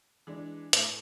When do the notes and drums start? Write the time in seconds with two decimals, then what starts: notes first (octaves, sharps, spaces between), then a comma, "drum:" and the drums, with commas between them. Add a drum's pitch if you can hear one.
0.27 E3 G#3 D4
0.73 A2, drum: hi-hat